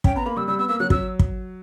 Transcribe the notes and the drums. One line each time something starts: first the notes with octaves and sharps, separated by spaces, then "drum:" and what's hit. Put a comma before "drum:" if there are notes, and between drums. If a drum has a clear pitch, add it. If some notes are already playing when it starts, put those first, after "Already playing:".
C#4 G5, drum: kick
B3 A#5
A#3 B5
G3 E6
G3 E6
B3 E6
A#3 E6
F#3 F#6
F#3 E6, drum: kick
drum: kick